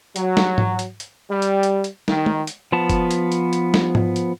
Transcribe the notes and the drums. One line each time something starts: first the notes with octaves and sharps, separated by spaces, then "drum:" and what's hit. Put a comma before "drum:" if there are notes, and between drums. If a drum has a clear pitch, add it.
F#3, drum: hi-hat
drum: snare
drum: tom G#2
drum: hi-hat
drum: hi-hat
G3
drum: hi-hat
drum: hi-hat
drum: hi-hat
D#3, drum: snare
drum: tom
drum: hi-hat
F3 B3 A5
drum: kick F#1, hi-hat
drum: hi-hat
drum: hi-hat
drum: hi-hat
drum: snare
drum: tom G#2
drum: hi-hat